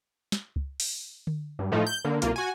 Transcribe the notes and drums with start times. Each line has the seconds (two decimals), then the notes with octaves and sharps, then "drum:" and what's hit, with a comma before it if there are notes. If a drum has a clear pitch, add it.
0.32 drum: snare
0.56 drum: kick C#2
0.80 drum: open hi-hat
1.27 drum: tom D3
1.59 G2
1.71 A2 F3 A3 D#4
1.87 G6
2.04 D3 A#3
2.22 C2 A#3 F4, drum: hi-hat
2.36 F#4 G#5